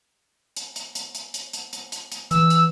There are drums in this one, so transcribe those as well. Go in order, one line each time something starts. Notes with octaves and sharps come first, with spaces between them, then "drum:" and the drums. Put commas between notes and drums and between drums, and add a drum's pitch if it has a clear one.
drum: hi-hat
drum: hi-hat
drum: hi-hat
drum: hi-hat
drum: hi-hat
drum: hi-hat
drum: hi-hat
drum: hi-hat
drum: hi-hat
E3 E6, drum: hi-hat
drum: hi-hat